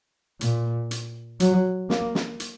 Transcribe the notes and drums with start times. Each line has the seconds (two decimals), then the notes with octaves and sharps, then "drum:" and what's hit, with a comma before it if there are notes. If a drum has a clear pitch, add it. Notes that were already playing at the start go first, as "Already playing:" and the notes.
0.41 A#2, drum: hi-hat
0.91 drum: hi-hat
1.40 F#3, drum: hi-hat
1.90 A#3, drum: snare
2.15 drum: snare
2.40 drum: hi-hat